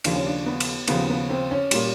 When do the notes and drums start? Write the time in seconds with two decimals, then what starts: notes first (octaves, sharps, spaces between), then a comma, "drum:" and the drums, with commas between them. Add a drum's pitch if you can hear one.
0.04 D#2 C#3 F3 D4, drum: cymbal
0.16 C#4
0.26 D4
0.46 B3
0.60 drum: cymbal
0.88 D#2 C#3 F3 B3, drum: cymbal
1.10 B3
1.30 C4
1.51 C#4
1.71 A#2 G3, drum: cymbal